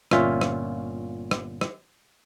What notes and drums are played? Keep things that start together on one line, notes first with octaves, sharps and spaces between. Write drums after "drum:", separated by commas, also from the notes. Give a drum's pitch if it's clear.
G1 A#2 C#4 F4 E5, drum: rim click
drum: rim click
drum: rim click
drum: rim click